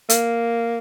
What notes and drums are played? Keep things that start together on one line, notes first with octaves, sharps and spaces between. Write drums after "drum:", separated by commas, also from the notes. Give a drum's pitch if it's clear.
A#3, drum: hi-hat